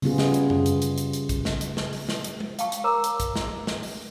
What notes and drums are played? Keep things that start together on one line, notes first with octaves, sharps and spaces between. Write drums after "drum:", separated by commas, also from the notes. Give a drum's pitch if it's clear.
C#3 G3 B3 F4 G#4, drum: open hi-hat
drum: snare
drum: hi-hat
drum: tom F#2
drum: hi-hat
drum: hi-hat
drum: hi-hat
drum: hi-hat
drum: kick, hi-hat
drum: snare
drum: hi-hat
drum: snare
drum: open hi-hat
drum: snare
drum: hi-hat
drum: tom G#3
F5 G5 A5 C#6, drum: hi-hat
drum: hi-hat
A#4 C#5 A#5 D6 E6
drum: hi-hat
drum: kick, hi-hat
drum: snare
drum: snare
drum: open hi-hat